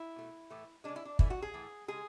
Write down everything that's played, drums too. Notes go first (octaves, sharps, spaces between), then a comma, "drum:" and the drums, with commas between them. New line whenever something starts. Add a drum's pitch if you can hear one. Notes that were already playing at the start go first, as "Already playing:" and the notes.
Already playing: E4
B2 A3
A2 E3 A3
C#3 G#3 D4
E4
D4
C#3 E3 A3 E4, drum: kick
F#4
G#4
A2 E3 A3
C#3 G#3 G#4